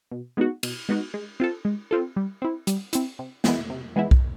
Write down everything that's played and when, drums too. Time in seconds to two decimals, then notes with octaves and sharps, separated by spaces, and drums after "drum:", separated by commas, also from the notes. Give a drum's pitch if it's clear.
0.11 B2
0.37 G#3 B3 D#4 F#4
0.63 B2, drum: cymbal
0.89 G#3 B3 D#4 F#4
1.14 G#3
1.40 C4 F4 A4
1.65 G#3
1.91 C4 F4 A4
2.16 G3
2.42 C4 E4
2.67 G3, drum: hi-hat
2.93 C4 E4, drum: hi-hat
3.19 C3
3.44 E3 G#3 B3 E4, drum: snare
3.70 C3
3.96 E3 G#3 B3 E4
4.11 drum: kick B1